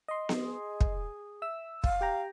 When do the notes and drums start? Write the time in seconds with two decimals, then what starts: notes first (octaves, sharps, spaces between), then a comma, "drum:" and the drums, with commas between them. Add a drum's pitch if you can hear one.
0.08 D#5 C6
0.29 drum: snare B3
0.40 G#4
0.81 drum: kick
1.42 E5 E6
1.84 F5, drum: kick
2.01 G4 G5 A#5